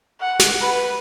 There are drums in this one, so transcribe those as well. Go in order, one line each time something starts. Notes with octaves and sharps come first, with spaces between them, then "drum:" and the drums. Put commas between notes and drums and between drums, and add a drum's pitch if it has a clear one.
F#5
drum: snare
B4